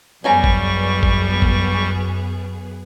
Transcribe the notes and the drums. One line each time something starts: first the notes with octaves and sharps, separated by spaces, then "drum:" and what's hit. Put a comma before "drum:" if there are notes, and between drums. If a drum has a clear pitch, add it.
F#2 G3 B3 C#4 G#4 G#5 A#5 C#6
drum: kick G#1
drum: kick G#1
drum: kick G#1